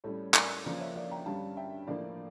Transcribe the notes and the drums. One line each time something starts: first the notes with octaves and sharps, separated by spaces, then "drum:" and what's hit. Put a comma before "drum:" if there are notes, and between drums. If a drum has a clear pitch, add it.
A2 G3 C#4 A4 C#5
A#4 D5, drum: clap
C#3 F3 A#3 C#4 A#4 D5
C#5 E5
D5 F5
G5 A#5
G2 D3 G3 C#4 F5 A5
E5 G5
A2 F3 A#3 D5 F5